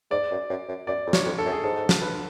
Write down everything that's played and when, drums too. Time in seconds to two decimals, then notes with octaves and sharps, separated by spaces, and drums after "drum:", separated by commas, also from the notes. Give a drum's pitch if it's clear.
0.11 G#2 D5
0.31 F#2
0.50 F#2
0.68 F#2
0.87 F#2 D5
1.07 F2
1.13 C#5, drum: snare
1.25 F2
1.38 A4
1.45 F#2
1.52 G#4
1.64 G#2 A4
1.89 drum: snare
2.02 B4